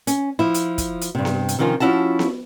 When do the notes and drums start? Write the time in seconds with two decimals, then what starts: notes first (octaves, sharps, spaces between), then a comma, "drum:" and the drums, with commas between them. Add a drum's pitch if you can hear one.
0.07 C#4, drum: hi-hat
0.39 F3 E4
0.54 drum: hi-hat
0.78 drum: kick, hi-hat
1.01 drum: hi-hat
1.15 G2 C3
1.25 drum: snare B3
1.48 drum: hi-hat
1.59 C3 D#3 F3 C#4 F4
1.80 F3 C#4 E4 F#4 A5
2.19 drum: snare B3